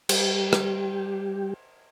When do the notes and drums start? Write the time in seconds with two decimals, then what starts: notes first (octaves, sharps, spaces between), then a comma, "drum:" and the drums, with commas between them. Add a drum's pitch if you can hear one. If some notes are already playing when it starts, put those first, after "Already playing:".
0.09 G3 G4, drum: cymbal
0.53 drum: rim click